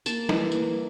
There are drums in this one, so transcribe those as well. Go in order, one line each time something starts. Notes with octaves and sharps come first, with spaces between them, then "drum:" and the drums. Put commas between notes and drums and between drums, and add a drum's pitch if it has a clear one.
A#3 A5, drum: tambourine
E3, drum: snare
A#3, drum: tambourine